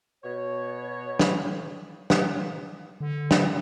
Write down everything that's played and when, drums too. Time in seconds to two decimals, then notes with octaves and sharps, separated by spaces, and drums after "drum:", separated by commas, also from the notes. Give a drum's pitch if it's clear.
0.24 B2 C#5
1.19 drum: snare
2.10 drum: snare
3.01 D3
3.31 drum: snare